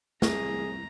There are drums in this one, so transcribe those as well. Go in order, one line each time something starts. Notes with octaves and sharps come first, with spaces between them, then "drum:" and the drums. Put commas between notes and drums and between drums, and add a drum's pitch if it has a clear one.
C2 G#4 A#5, drum: snare